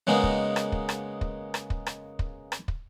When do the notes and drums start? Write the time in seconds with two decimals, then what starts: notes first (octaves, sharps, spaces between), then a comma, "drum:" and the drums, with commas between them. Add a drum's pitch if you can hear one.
0.07 C#3 G#3 A#3 B3 D#4
0.23 drum: kick
0.56 drum: rim click
0.72 drum: kick
0.89 drum: rim click
1.21 drum: kick
1.54 drum: rim click
1.70 drum: kick
1.86 drum: rim click
2.19 drum: kick
2.52 drum: rim click
2.68 drum: kick